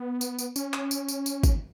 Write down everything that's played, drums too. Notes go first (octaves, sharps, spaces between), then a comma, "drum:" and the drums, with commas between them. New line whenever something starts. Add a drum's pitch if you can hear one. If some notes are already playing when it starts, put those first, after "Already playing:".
Already playing: B3
drum: tambourine
drum: tambourine
C#4, drum: tambourine
drum: clap
drum: tambourine
drum: tambourine
drum: tambourine
drum: kick, tambourine